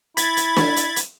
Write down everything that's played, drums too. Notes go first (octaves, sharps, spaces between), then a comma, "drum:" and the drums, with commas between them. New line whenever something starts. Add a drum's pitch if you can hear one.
E4 B5 G#6 A6, drum: hi-hat
drum: hi-hat
drum: snare
drum: hi-hat
drum: hi-hat